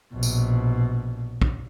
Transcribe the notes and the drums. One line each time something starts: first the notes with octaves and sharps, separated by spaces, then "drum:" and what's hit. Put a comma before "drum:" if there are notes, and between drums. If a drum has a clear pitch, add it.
A#1 B2
drum: tambourine
drum: kick